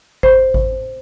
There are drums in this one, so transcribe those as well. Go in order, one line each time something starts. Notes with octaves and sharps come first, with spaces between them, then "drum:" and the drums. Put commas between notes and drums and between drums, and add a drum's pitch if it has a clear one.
C5, drum: kick G#1
drum: kick G#1